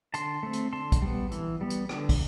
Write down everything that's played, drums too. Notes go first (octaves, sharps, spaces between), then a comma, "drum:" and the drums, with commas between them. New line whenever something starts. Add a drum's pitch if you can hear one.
D3 A5 C6, drum: hi-hat
A3 C4
drum: hi-hat
D3 A5 C6
drum: kick, hi-hat
G3 B3
E3, drum: hi-hat
G3 B3
drum: hi-hat
D3, drum: rim click
drum: kick, open hi-hat